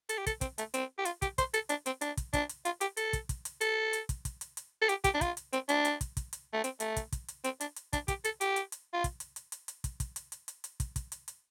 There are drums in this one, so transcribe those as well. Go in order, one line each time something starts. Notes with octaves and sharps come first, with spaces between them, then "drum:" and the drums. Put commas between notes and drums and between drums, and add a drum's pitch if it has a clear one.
A4, drum: hi-hat
G4
A4, drum: kick, hi-hat
C4, drum: kick, hi-hat
A3, drum: hi-hat
C4, drum: hi-hat
G4
F4, drum: hi-hat
G4, drum: kick, hi-hat
C5, drum: kick, hi-hat
A4, drum: hi-hat
D4, drum: hi-hat
C4, drum: hi-hat
D4, drum: hi-hat
drum: kick, hi-hat
D4, drum: kick, hi-hat
drum: hi-hat
F4, drum: hi-hat
G4, drum: hi-hat
A4, drum: hi-hat
drum: kick, hi-hat
drum: kick, hi-hat
drum: hi-hat
A4, drum: hi-hat
drum: hi-hat
drum: kick, hi-hat
drum: kick, hi-hat
drum: hi-hat
drum: hi-hat
A4
G4, drum: hi-hat
G4, drum: kick, hi-hat
D4
F4, drum: kick, hi-hat
drum: hi-hat
C4, drum: hi-hat
D4, drum: hi-hat
drum: hi-hat
drum: kick, hi-hat
drum: kick, hi-hat
drum: hi-hat
A3
C4, drum: hi-hat
A3, drum: hi-hat
drum: kick, hi-hat
drum: kick, hi-hat
drum: hi-hat
C4, drum: hi-hat
D4, drum: hi-hat
drum: hi-hat
D4, drum: kick, hi-hat
G4, drum: kick, hi-hat
A4, drum: hi-hat
G4, drum: hi-hat
drum: hi-hat
drum: hi-hat
F4
drum: kick, hi-hat
drum: hi-hat
drum: hi-hat
drum: hi-hat
drum: hi-hat
drum: kick, hi-hat
drum: kick, hi-hat
drum: hi-hat
drum: hi-hat
drum: hi-hat
drum: hi-hat
drum: kick, hi-hat
drum: kick, hi-hat
drum: hi-hat
drum: hi-hat